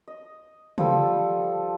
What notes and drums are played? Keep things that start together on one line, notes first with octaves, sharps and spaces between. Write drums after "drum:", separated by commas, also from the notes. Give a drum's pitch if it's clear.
D#5
F3 G3 A4, drum: tom C#3